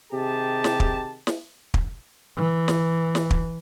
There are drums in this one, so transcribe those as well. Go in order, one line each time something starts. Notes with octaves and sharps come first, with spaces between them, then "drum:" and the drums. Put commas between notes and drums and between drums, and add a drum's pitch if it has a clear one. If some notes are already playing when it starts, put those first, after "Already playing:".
C3 D#3 G4 G#4 A5
drum: snare
drum: kick
drum: snare
drum: kick
E3
drum: snare
drum: snare
drum: kick